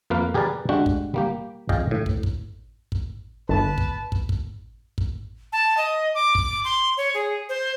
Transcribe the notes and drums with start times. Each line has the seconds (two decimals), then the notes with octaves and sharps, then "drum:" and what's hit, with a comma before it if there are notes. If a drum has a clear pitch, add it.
0.10 F2 A#3 B4 F5
0.34 G4 G#4 A#4 B4 D5
0.69 G#3 A3 D4 F#4 G4
0.86 drum: kick
1.14 G3 A#3 G4
1.69 F2 G#4 D5 D#5 F5 G5, drum: kick
1.91 A2
2.06 drum: kick
2.23 drum: kick
2.92 drum: kick
3.49 G1 B4 A5
3.78 drum: kick
4.12 drum: kick
4.29 drum: kick
4.98 drum: kick
5.52 A5
5.77 D#5
6.15 D6
6.35 drum: kick
6.64 C6
6.97 C#5
7.14 G#4
7.49 C5